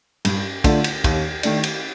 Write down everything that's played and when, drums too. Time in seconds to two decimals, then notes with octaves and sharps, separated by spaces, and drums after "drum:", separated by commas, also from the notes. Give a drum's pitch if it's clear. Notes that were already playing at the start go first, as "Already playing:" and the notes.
0.25 G2, drum: cymbal
0.64 D3 A3 D4 F4, drum: kick, cymbal
0.84 drum: cymbal
1.04 D#2, drum: kick, cymbal
1.43 D#3 A3 D4, drum: cymbal
1.63 drum: cymbal